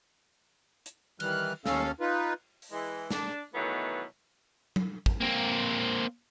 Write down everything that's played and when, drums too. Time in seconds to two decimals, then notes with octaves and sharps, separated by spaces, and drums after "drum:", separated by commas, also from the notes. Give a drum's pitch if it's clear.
0.86 drum: hi-hat
1.20 D#3 E3 G3 F6 F#6, drum: cymbal
1.66 D#2 C#4 A4 F5, drum: snare
2.01 D#4 F4 B4
2.62 drum: open hi-hat
2.72 E3 G#3
3.11 D4, drum: snare
3.54 B2 D#3 E3 F#3 A3 B3
4.76 drum: tom F#3
5.06 drum: kick
5.20 A#3 C4